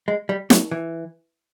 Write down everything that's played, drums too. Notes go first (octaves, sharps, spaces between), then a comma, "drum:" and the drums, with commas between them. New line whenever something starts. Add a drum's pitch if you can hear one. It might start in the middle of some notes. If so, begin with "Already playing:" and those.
G#3
G3
F#3, drum: snare
E3